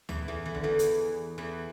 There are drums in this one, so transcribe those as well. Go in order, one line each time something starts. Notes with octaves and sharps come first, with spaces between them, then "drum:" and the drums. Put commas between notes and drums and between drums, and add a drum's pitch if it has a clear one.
E2 E3, drum: tom D2
E2 E3
E3
D3, drum: kick
E2 E3
drum: hi-hat
E2 E3